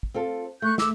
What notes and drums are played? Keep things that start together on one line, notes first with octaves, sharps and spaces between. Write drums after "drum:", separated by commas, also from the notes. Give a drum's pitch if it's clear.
drum: kick
C4 F4 A4
A3 C#6 F#6 G6
D6 E6, drum: snare